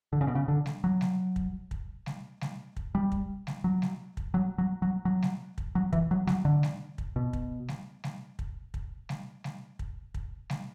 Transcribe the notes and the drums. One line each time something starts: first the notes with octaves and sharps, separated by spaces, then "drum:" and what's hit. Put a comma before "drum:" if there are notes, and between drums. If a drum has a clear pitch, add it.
D3
C#3
B2
C#3
D3
drum: snare G3
F#3
drum: snare G3
drum: kick
drum: kick
drum: snare G3
drum: snare G3
drum: kick
G3
drum: kick
drum: snare G3
F#3
drum: snare G3
drum: kick
F#3
F#3
F#3
F#3
drum: snare G3
drum: kick
F#3
E3, drum: kick
F#3
F#3, drum: snare G3
D3
drum: snare G3
drum: kick
B2
drum: kick
drum: snare G3
drum: snare G3
drum: kick
drum: kick
drum: snare G3
drum: snare G3
drum: kick
drum: kick
drum: snare G3